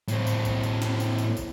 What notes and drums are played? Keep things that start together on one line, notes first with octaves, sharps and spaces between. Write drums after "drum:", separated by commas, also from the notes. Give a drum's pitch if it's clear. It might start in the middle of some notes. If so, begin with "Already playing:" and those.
A2 C4, drum: tambourine
drum: tambourine
drum: kick, tambourine
drum: tambourine
drum: snare
drum: tambourine
drum: tambourine
drum: kick, tambourine